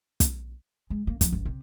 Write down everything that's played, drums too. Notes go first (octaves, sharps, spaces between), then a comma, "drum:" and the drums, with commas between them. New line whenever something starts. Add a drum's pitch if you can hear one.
drum: kick, hi-hat
G#3
A#3
F3, drum: kick, hi-hat
F#1
C3